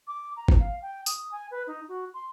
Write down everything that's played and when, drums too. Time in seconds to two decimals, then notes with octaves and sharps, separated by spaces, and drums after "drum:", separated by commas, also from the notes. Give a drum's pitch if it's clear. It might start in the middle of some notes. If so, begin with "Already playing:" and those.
0.07 D6
0.37 A#5
0.48 drum: kick
0.60 F5
0.82 G5
1.06 D#6, drum: tambourine
1.32 G#5
1.51 B4
1.67 D#4
1.89 F#4
2.14 C6